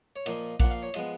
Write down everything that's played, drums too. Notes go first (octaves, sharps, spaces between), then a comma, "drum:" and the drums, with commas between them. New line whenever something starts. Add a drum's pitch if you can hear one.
C#5
A#2 F3 A#3 D#5, drum: hi-hat
A#2 F3 A#3 F#5, drum: kick A#1, hi-hat
F5
C#5
F3 G#3 B3 D#5, drum: hi-hat